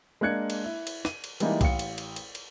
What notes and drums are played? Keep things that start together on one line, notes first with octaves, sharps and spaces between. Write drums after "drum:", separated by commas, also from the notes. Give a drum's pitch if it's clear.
G#3 A#3 D4 F#6 G#6 C#7
drum: cymbal
E4
drum: cymbal
D#7, drum: snare
drum: cymbal
E3 G3 G#3 A#3 D#4 E4, drum: cymbal
A1 F5 C#7, drum: kick C2, cymbal
drum: cymbal
drum: cymbal
drum: cymbal
drum: cymbal